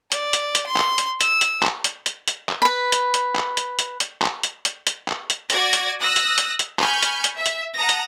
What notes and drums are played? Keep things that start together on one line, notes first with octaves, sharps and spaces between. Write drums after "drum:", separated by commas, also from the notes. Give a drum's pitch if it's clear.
D5, drum: hi-hat
drum: hi-hat
drum: hi-hat
C6
drum: clap
drum: hi-hat
E6, drum: hi-hat
drum: hi-hat
drum: clap
drum: hi-hat
drum: hi-hat
drum: hi-hat
drum: clap
B4 B5
drum: hi-hat
drum: hi-hat
drum: clap
drum: hi-hat
drum: hi-hat
drum: hi-hat
drum: clap
drum: hi-hat
drum: hi-hat
drum: hi-hat
drum: clap
drum: hi-hat
F#4 D5 G#6 A#6, drum: hi-hat
drum: hi-hat
D#6 E6 F#6 A#6
drum: hi-hat
drum: hi-hat
drum: hi-hat
G#5 B5 C#6 F6 G6, drum: clap
drum: hi-hat
drum: hi-hat
E5
drum: hi-hat
F#5 A5 A#5 D#6 A#6
drum: hi-hat